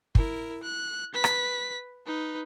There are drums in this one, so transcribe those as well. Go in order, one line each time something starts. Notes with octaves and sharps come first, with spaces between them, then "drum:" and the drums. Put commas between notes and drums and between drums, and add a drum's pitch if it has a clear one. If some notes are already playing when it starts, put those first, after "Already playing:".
E4 A#4, drum: kick
F#6
B4 B6
drum: rim click
D#4 B4